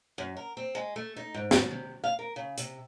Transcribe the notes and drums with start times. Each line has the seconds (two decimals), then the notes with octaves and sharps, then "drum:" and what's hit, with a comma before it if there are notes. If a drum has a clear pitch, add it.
0.18 F#2
0.37 A#4
0.57 C4
0.75 G#3
0.96 A3
1.16 D#4
1.34 G#2
1.51 drum: snare
1.71 C3
2.04 F5
2.19 A#4
2.36 C#3
2.58 C3, drum: hi-hat